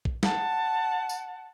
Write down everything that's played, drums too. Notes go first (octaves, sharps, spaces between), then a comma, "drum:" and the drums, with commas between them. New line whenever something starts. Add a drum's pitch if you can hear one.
drum: kick
F#5 A5, drum: snare
drum: tambourine